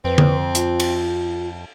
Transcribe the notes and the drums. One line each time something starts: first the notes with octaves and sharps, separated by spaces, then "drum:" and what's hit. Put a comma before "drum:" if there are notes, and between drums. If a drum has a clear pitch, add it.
F2 C4 B4
drum: tom D3
F4, drum: hi-hat
drum: cymbal